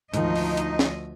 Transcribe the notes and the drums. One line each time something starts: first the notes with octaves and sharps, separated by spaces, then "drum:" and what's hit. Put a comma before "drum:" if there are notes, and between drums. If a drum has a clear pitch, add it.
D2 G#2 D#3 F3 D#4 D#5, drum: hi-hat
drum: open hi-hat
drum: hi-hat
drum: snare